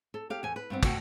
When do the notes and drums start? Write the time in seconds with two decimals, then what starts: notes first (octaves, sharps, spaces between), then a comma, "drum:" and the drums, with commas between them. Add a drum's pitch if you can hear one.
0.14 A4
0.30 G4 F5
0.43 E2 G#5
0.56 B4
0.70 G2 B3 C4
0.83 D2 B2 F#4 G5, drum: kick, cymbal